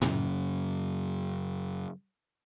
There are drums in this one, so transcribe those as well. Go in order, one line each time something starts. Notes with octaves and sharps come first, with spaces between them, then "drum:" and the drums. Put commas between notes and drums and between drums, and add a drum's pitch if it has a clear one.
F#2 C#3, drum: tom A2